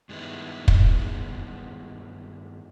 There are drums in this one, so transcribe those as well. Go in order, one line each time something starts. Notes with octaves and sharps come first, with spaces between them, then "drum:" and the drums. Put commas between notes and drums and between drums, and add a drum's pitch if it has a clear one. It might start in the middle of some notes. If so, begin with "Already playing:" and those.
G2 D#3 G#3 B3 E4
drum: kick